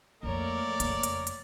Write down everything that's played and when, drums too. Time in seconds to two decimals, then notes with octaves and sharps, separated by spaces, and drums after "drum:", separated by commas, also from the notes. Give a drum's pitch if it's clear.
0.23 F2 F3 A3 A#3 A#4 C#5 D5
0.80 F#1 F2, drum: hi-hat
1.03 drum: hi-hat
1.27 drum: hi-hat